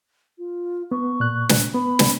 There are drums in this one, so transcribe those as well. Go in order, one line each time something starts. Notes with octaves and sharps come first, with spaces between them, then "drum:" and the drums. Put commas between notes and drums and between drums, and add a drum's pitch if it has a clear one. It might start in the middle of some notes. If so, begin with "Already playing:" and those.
F4
B3 C#6
A#2 F#6
drum: snare
B3 B5
drum: snare